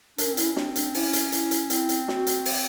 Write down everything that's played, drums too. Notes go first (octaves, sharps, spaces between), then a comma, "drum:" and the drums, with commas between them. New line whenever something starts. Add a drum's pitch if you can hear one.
D4 A#4, drum: hi-hat
C#4
C4
C#4 E4, drum: hi-hat
C4 D4, drum: snare
D4, drum: hi-hat
C#4 E4, drum: open hi-hat
drum: hi-hat
E4, drum: hi-hat
drum: hi-hat
C4 E4, drum: hi-hat
drum: hi-hat
F#4, drum: snare
drum: hi-hat
drum: open hi-hat